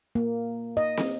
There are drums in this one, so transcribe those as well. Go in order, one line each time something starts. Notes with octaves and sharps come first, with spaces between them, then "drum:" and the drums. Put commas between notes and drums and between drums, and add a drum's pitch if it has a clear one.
A#3
D#5
drum: snare